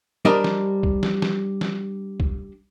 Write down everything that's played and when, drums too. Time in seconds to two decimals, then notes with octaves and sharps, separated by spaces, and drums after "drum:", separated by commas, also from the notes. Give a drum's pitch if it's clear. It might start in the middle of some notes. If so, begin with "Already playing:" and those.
0.25 G3 D4 G4 A#4 C5 D#5
0.44 drum: snare
0.83 drum: kick C2
1.03 drum: snare
1.22 drum: snare
1.61 drum: snare
2.20 drum: kick C2